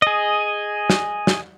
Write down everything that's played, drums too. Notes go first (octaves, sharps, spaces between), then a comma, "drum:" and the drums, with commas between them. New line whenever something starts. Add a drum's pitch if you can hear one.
G#4 D#5
drum: snare
drum: snare